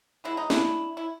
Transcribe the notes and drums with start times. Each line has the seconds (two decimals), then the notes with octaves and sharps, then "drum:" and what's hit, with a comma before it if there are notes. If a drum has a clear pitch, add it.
0.24 E3 G#3 B3 E4
0.37 D#4
0.50 D4 E4, drum: snare
0.97 E4